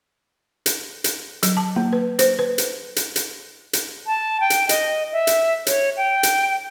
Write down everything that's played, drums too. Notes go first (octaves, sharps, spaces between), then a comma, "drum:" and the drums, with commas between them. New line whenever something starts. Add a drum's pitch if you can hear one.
drum: hi-hat
drum: hi-hat
F#3, drum: hi-hat
A5
A#3
B4
C5, drum: hi-hat
B4
drum: hi-hat
drum: hi-hat
drum: hi-hat
drum: hi-hat
A5
G5
drum: hi-hat
D#5, drum: hi-hat
E5
drum: hi-hat
C#5, drum: hi-hat
G5
drum: hi-hat